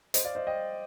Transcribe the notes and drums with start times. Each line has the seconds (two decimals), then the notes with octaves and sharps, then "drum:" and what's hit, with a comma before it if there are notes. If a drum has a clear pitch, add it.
0.14 C5 D#5, drum: hi-hat
0.25 D5 F5
0.35 C5 D#5
0.47 D#5 G5